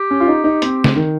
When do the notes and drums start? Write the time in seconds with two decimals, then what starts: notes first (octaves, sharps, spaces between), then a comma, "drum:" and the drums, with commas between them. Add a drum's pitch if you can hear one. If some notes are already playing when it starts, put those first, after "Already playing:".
Already playing: G4
0.11 C#4
0.20 F4
0.28 D#4
0.44 D#4
0.62 C4, drum: hi-hat
0.84 drum: snare
0.96 D#3